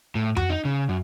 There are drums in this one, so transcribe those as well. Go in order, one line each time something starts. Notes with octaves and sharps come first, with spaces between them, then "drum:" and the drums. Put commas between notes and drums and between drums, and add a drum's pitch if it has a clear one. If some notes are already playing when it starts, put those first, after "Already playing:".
A2
F#4, drum: tom F2
D#4
C#3
F#2